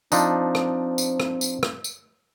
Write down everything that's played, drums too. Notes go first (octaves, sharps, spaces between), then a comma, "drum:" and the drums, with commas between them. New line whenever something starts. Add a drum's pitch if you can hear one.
F3 C4 D4 D#4, drum: tambourine
drum: rim click
drum: tambourine
drum: rim click
drum: tambourine
drum: rim click
drum: tambourine